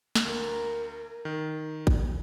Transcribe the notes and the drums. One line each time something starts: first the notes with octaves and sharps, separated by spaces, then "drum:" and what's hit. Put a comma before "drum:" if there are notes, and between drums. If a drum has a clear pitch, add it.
drum: snare
D2 A#4
D#3
drum: kick A1